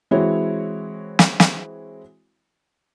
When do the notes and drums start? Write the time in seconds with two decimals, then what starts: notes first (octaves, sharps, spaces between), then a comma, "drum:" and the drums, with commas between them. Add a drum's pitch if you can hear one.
0.11 E3 G#3 C4 E4 F#4 C#5
1.19 drum: snare
1.40 drum: snare